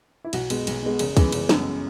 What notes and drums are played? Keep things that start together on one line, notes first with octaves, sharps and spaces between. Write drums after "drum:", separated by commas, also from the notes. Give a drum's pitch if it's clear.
E4
B1 F#4, drum: cymbal
B2 G#3 B3, drum: cymbal
B1, drum: cymbal
B2 G#3 B3
F#1 G#4, drum: cymbal
F#2 E3 G#3 B3, drum: kick, cymbal
F#1, drum: cymbal
F#2 E3 G#3 B3, drum: snare